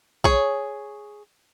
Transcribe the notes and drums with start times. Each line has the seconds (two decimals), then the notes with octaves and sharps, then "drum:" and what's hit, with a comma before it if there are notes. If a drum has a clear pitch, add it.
0.24 G#4 C#5, drum: kick A#1